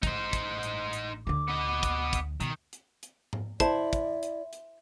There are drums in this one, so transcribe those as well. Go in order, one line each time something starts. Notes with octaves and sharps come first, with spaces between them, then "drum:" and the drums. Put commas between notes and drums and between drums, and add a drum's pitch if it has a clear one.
A1 A2 D#4 C5, drum: kick, hi-hat
drum: kick, hi-hat
drum: hi-hat
drum: hi-hat
D2 D3 D6
B3 D#5
drum: kick, hi-hat
drum: kick, hi-hat
B2 D#3, drum: hi-hat
drum: hi-hat
drum: hi-hat
drum: tom G#2
E4 C5 D5 A5, drum: kick, hi-hat
drum: kick, hi-hat
drum: hi-hat
drum: hi-hat